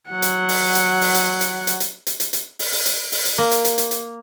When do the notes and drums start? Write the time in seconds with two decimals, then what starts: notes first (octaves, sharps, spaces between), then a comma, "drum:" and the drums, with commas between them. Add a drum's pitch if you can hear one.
0.10 F#3 F#5
0.22 drum: hi-hat
0.49 drum: open hi-hat
0.75 drum: hi-hat
1.01 drum: open hi-hat
1.14 drum: hi-hat
1.41 drum: hi-hat
1.67 drum: hi-hat
1.80 drum: hi-hat
2.07 drum: hi-hat
2.20 drum: hi-hat
2.33 drum: hi-hat
2.59 drum: open hi-hat
2.72 drum: open hi-hat
2.86 drum: hi-hat
3.12 drum: open hi-hat
3.25 drum: hi-hat
3.38 A#3
3.51 drum: hi-hat
3.65 drum: hi-hat
3.78 drum: hi-hat
3.91 drum: hi-hat